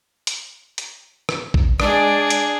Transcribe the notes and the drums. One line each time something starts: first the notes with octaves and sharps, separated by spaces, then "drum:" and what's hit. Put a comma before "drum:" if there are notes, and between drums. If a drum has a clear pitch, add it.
drum: hi-hat
drum: hi-hat
drum: rim click
drum: kick
G#3 D4 G#4 D5, drum: rim click
drum: hi-hat